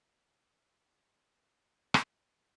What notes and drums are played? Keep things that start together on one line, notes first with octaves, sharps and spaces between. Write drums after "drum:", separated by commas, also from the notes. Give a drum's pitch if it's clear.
F4
drum: rim click